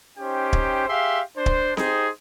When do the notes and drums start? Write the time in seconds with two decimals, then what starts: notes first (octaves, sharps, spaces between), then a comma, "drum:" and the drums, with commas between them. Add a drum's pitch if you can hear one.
0.18 C#4 D#4 G4 C5 G5
0.53 drum: kick
0.88 G4 G#4 E5 F5 C6
1.37 D4 C5
1.46 drum: kick
1.77 D#4 G4 G#4 C5, drum: snare C4